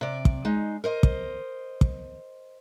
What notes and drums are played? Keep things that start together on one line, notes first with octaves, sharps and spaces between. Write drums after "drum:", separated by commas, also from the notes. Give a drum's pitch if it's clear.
C3 D5
drum: kick
G#3 D#4
A#4 C5 D#5
drum: kick
drum: kick